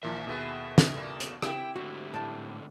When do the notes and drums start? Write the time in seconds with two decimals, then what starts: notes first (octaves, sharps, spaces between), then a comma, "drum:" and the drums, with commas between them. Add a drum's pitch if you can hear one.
0.03 A#1 A#2 D#3 F3 C#4 A#4 E5
0.27 D#2 B2 A3 B3 G#4
0.78 drum: snare
0.94 G3 A3 A#3
1.20 drum: hi-hat
1.42 C4 E4 G4 G5 A5, drum: rim click
1.76 G#2 D3 A3 F#4
2.14 A2 D5 A5